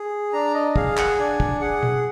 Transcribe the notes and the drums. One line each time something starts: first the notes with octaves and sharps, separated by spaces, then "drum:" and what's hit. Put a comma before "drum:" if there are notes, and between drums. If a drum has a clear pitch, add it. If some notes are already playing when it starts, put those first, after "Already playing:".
Already playing: G#4
D4 A#5
D#5
G#4 F5, drum: kick
F#5, drum: clap
D4 G#5
drum: kick
G#4 F#5
drum: tom B2